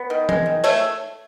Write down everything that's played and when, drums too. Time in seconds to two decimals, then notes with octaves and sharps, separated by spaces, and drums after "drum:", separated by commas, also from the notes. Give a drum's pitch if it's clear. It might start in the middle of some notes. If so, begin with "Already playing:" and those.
Already playing: B3
0.10 D#3
0.29 G#3, drum: tom E3
0.46 D#3
0.64 A3 C#5, drum: open hi-hat